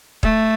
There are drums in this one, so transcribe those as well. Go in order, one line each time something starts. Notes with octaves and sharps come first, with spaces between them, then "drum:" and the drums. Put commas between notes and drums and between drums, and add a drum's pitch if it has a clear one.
A3, drum: kick